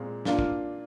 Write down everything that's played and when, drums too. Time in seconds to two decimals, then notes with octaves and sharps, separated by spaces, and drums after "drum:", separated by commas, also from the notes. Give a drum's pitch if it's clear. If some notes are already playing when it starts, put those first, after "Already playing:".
Already playing: A#2 G#3 C4
0.25 A#3 D4 F4, drum: snare
0.39 drum: kick